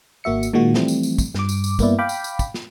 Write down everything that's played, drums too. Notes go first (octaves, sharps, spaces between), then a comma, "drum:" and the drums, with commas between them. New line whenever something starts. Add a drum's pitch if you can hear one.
G#1 A#3 F#4 E5 C#7
drum: tambourine
A#2 D#3 G#3 A#3 F#4
E3 F3 G3 A3 C4, drum: snare
drum: tambourine
drum: tambourine
drum: kick, tambourine
G2 D6, drum: snare
drum: tambourine
drum: tambourine
G2 A#3 B3 E4 D5, drum: kick, tambourine
F5 G5 B5 D6
drum: tambourine
drum: tambourine
drum: kick, tambourine
drum: snare